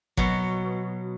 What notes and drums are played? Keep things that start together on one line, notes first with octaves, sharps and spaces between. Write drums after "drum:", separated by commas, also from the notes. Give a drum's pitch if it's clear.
B2 F#3, drum: kick G#1